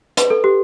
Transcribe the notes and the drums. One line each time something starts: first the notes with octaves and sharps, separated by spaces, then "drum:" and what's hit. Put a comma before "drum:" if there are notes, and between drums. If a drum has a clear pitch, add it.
B4, drum: hi-hat
A4
G4